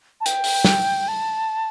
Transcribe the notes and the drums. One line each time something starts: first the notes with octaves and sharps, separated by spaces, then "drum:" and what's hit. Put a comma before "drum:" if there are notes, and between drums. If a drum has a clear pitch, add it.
A5
G5, drum: hi-hat
drum: open hi-hat
drum: snare
A5